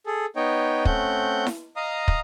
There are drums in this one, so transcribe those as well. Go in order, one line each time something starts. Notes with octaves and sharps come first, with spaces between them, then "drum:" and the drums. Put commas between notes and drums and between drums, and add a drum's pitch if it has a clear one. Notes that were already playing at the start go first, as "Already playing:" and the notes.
G#4 A4
B3 D#4 C#5 D#5 G5
A3 C4 C#4 F#5 G6, drum: kick
drum: snare E4
D#5 F5 A#5 D#6
drum: kick